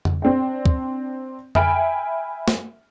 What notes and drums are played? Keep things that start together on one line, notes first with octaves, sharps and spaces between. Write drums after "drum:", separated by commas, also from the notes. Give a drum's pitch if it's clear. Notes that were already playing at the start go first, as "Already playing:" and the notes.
drum: tom F2
C4 D4 G5
drum: kick
E5 G5 G#5 B5 F6 D7, drum: tom F2
drum: snare